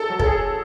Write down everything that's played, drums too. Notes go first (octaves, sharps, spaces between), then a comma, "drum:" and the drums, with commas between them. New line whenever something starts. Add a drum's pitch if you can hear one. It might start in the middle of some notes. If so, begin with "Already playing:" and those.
Already playing: A4
F#3
A4, drum: kick
G#4